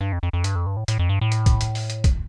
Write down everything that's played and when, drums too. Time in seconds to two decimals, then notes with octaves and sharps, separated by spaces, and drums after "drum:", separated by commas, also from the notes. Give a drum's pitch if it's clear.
0.01 G2
0.13 F2
0.23 F2
0.33 F2
0.44 G2, drum: hi-hat
0.55 F2
0.66 G2
0.77 A2
0.88 A2, drum: hi-hat
0.99 F2
1.09 G2
1.21 A2
1.32 drum: hi-hat
1.46 drum: kick, hi-hat
1.61 drum: hi-hat
1.75 drum: open hi-hat
1.90 drum: hi-hat
2.04 drum: kick, hi-hat